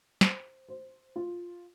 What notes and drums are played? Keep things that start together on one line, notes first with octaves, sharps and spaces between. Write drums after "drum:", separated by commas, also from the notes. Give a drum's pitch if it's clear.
C5, drum: snare
C5
F4